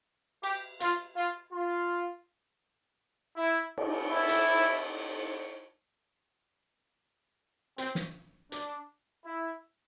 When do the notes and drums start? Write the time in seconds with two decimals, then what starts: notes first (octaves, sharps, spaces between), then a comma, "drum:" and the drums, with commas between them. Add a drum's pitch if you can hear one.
0.43 G4, drum: cymbal
0.80 F4, drum: hi-hat
1.17 F4
1.53 F4
3.37 E4
3.78 drum: cymbal
4.11 E4
4.29 drum: hi-hat
7.78 C4, drum: hi-hat
7.95 drum: snare
8.52 D4, drum: hi-hat
9.25 E4